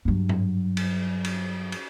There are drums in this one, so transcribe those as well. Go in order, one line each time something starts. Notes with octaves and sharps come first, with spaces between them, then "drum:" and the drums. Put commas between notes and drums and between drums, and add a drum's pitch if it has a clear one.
G2 F#3
drum: tom G#2
drum: cymbal
drum: cymbal
drum: cymbal